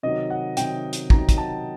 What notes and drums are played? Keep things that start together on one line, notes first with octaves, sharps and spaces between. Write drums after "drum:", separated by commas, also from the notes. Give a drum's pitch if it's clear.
C3 D#3 F#3 D#5
F#5
C3 D#3 F#3 G5, drum: hi-hat
drum: hi-hat
C3 D#3 F#3 A#5, drum: kick
drum: kick, hi-hat
A5